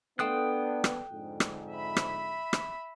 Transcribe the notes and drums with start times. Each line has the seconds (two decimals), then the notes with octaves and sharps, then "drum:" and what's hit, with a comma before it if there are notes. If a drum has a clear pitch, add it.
0.19 A3 B3 D4 G5 A5 C6 D#6 F#6
0.84 drum: rim click
1.12 F2 G#2 D3
1.40 drum: rim click
1.70 E5 B5
1.96 drum: rim click
2.53 drum: rim click